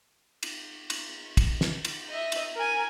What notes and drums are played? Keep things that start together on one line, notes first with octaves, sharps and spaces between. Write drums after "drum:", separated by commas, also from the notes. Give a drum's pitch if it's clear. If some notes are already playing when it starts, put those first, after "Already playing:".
drum: cymbal
drum: cymbal
drum: kick, cymbal
drum: snare
drum: cymbal
D#5 E5
drum: cymbal
A#4 G#5